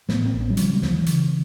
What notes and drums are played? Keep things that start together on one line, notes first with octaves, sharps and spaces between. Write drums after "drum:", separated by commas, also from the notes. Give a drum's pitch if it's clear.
A2 A3 B3, drum: snare
A#3 C4
A1
B3 C#4
F#3
C#3 F3 G3, drum: hi-hat
F#3 G#3
D2, drum: snare
E3 F#3
C#3, drum: hi-hat